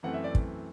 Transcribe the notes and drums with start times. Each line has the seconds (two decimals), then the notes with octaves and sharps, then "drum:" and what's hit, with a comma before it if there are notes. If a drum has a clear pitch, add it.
0.03 F#2 E3 A3 C4 F#5
0.14 E5
0.24 D5
0.35 drum: kick